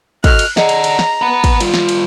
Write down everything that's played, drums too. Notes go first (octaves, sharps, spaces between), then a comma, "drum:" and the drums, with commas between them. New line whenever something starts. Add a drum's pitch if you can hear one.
F#4 A4 D#5 F6 F#6, drum: kick, cymbal
drum: cymbal
G#4 D5 D#5 F#5 A#5, drum: snare
drum: cymbal
drum: cymbal
drum: snare
F#5 B5
drum: kick, cymbal
G3 F4, drum: cymbal
drum: snare
drum: cymbal